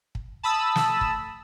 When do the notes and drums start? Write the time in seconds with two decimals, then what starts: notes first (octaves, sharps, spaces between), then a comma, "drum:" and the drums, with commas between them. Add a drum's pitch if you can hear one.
0.15 drum: kick
0.43 A5 B5 D#6 E6
0.76 drum: snare
1.01 drum: kick